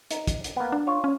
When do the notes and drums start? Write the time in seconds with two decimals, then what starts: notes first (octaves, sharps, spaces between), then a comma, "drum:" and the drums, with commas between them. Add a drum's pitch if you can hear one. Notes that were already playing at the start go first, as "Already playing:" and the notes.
0.11 D#4, drum: hi-hat
0.27 drum: kick, hi-hat
0.44 drum: hi-hat
0.56 A#3 B3
0.72 D4
0.87 F4 C#5
1.04 C#4